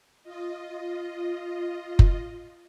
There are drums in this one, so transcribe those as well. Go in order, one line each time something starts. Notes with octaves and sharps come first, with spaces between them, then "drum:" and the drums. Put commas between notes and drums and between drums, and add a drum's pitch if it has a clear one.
F4 D#5
drum: kick F#1